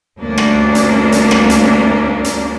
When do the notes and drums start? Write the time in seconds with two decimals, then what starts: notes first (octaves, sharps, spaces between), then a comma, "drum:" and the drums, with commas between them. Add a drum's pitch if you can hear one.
0.19 D2 G2 A#3 C#4 D4
0.38 drum: rim click
0.75 drum: hi-hat
1.12 drum: hi-hat
1.31 drum: rim click
1.50 drum: hi-hat
2.24 drum: hi-hat